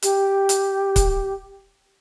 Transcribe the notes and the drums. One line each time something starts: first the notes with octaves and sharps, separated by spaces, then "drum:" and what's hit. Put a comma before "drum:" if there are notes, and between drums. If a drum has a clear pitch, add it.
G4, drum: hi-hat
drum: hi-hat
drum: kick C#1, hi-hat